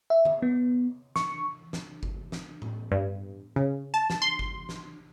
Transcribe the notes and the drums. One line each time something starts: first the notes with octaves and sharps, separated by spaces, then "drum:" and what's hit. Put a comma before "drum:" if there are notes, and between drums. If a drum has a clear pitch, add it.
E5
drum: tom D3
B3
C#6, drum: snare
drum: snare
drum: kick G1
drum: snare
drum: tom A2
G2
C#3
A5
drum: snare
C6
drum: kick G1
drum: snare